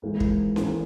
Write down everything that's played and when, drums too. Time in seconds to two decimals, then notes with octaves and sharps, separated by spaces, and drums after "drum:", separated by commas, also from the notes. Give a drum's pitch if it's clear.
0.02 G#1 G#2 E3 A#3
0.20 drum: kick
0.56 G#1 G#2 E3 A#3, drum: snare C#4